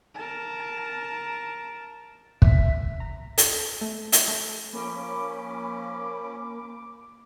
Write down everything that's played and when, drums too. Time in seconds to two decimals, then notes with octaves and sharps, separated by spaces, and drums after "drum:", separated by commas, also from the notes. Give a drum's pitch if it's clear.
0.14 A#4 A5
2.42 E5, drum: kick
3.00 A#5
3.38 A4, drum: hi-hat
3.81 A3
4.12 E5, drum: hi-hat
4.28 A3
4.73 F3 A#3 C#4 B5 D6